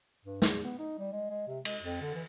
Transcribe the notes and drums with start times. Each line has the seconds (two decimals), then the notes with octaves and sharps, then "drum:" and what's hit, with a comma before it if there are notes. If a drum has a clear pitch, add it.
0.25 G2
0.42 E2, drum: snare
0.64 B3
0.78 D#4
0.99 G3
1.12 G#3
1.30 G#3
1.48 C3
1.65 G#3, drum: cymbal
1.82 F2
2.01 D3
2.14 E3